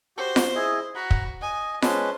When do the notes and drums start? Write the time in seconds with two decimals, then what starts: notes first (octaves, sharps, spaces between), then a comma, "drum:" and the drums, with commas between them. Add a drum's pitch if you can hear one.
0.17 F#4 G4 C5
0.36 drum: snare F4
0.55 E4 G#4 D#5
0.95 F#4 F#5 A#5 B5
1.11 drum: kick
1.42 D#5 G#5
1.82 G#3 C#4 B4 C5 A5, drum: snare F4